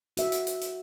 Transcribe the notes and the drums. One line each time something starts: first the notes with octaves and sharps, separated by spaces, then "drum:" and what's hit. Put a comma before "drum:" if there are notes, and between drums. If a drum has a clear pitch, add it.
F#4 E5, drum: hi-hat
drum: hi-hat
drum: hi-hat
drum: hi-hat